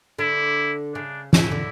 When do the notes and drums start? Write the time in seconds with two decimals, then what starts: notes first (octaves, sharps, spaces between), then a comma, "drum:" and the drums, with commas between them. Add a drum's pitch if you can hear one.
0.18 D3 E4
0.94 C#3 D4
1.33 C#3 E4, drum: snare
1.52 D3